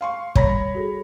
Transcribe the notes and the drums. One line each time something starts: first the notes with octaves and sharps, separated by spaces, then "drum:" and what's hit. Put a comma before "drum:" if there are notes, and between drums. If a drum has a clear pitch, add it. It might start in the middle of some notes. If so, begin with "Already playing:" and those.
F5 C6 C#6
G3 C#5 B5 A#6, drum: kick
F#4 G#4 A4